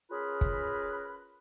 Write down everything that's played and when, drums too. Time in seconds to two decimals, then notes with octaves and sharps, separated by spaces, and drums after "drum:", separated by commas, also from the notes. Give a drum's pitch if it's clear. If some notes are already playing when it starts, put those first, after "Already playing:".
0.11 C#4 F4 G#4 A#4 B4 B5
0.41 drum: kick